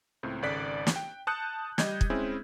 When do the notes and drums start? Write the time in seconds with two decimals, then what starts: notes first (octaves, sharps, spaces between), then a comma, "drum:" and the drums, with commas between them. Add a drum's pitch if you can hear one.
0.23 C#2 A2 C4
0.42 G#1 C#3 A4 D5 F#6 B6
0.87 drum: snare
0.96 G5
1.27 A5 D#6 F#6 G6 C#7
1.78 G3 D#5 G6 G#6, drum: snare
2.01 drum: kick
2.10 G#3 C4 C#4 E4 G#4